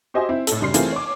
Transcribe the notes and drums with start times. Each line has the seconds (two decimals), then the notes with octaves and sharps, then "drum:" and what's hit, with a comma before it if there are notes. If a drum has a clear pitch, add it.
0.14 F#4 G4 C5 D#5 E5 G#5
0.29 C4 E4
0.47 A2 A4, drum: hi-hat
0.60 F#1 F#2 G3 C6 F6 C7
0.74 E3 A3 C4 F4 G#4 A#4, drum: hi-hat
0.93 C#5 D6